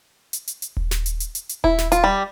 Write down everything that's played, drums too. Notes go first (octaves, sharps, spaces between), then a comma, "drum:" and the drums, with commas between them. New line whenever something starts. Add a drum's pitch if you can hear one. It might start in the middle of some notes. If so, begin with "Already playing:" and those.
drum: hi-hat
drum: hi-hat
drum: hi-hat
drum: kick D#1
drum: snare
drum: hi-hat
drum: hi-hat
drum: hi-hat
drum: hi-hat
E4, drum: kick D#1
drum: snare
F4, drum: hi-hat
G3